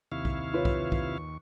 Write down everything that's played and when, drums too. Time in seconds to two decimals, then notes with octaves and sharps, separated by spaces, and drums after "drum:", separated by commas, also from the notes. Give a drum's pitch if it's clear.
0.12 D#2 C3 E4 F5 C#6
0.25 drum: kick B1
0.54 F4 B4 C#5
0.65 drum: kick B1
0.92 drum: kick B1